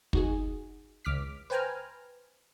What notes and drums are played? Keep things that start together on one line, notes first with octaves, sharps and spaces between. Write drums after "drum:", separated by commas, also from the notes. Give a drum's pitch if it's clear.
D#4 F#4 G#4, drum: kick
C#2 D6 F6 B6
B4 C5 G5 G#5 A#5 F6